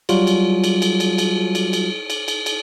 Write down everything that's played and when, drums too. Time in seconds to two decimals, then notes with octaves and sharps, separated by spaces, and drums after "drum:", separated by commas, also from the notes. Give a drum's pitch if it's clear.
0.09 F#3 G3 F4 F#4, drum: cymbal
0.27 drum: cymbal
0.64 drum: cymbal
0.82 drum: cymbal
1.00 drum: cymbal
1.18 drum: cymbal
1.55 drum: cymbal
1.73 drum: cymbal
2.10 drum: cymbal
2.28 drum: cymbal
2.46 drum: cymbal